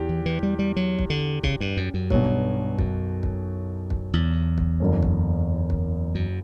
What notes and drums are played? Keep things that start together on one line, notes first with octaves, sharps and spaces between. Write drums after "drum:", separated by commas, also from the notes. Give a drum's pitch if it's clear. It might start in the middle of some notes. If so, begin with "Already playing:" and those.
Already playing: E2 G4
E3
E3
G3
G3
F#3
drum: kick
D3
C#3, drum: kick
G2
F#2
F#2
B1 G2 B2 F#3, drum: kick
F#2, drum: kick
drum: kick
drum: kick
E2
drum: kick
F#1 F#2 D3 F#3 C#4
drum: kick
drum: kick
F#2